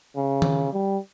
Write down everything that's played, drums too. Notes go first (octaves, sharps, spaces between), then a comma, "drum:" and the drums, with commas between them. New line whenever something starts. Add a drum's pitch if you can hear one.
C#3
drum: tom D#3
G3